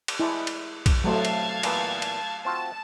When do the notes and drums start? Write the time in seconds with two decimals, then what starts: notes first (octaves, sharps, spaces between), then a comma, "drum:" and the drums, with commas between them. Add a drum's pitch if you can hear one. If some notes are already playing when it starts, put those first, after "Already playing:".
0.08 drum: cymbal
0.20 G#3 E4 D5 A5
0.47 drum: cymbal
0.86 drum: kick, cymbal
1.04 C3 F#3 G3 A3 A4 F5 A5 G#6
1.25 drum: cymbal
1.63 A#2 E3 B3, drum: cymbal
2.02 drum: cymbal
2.45 C4 F4 F#4 A5